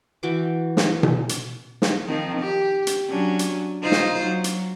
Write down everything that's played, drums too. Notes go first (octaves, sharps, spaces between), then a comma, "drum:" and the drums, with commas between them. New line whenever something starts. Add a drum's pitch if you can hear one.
E3 F#4 G5 D6
drum: snare
drum: tom B2
drum: hi-hat
drum: snare
D#3 F3 C4
G4
drum: hi-hat
F#3 C#4 D4
drum: hi-hat
D#4 F4 C5
drum: snare
F#3
drum: hi-hat